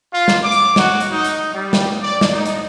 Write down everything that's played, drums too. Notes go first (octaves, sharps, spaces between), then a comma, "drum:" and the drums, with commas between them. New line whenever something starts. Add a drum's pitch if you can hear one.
F4
drum: snare
D6
drum: hi-hat
F#4, drum: snare
drum: hi-hat
D#4
drum: hi-hat
G3
drum: snare
D5
drum: snare
D#4
drum: hi-hat